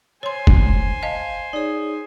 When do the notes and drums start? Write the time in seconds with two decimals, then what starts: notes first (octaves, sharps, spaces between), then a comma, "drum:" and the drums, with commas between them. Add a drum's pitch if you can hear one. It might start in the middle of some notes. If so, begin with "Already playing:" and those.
0.23 C5 C#5 G#5 C6
0.47 drum: kick
1.03 D#5 F5 A5
1.53 D#4 G#4 C#5 D5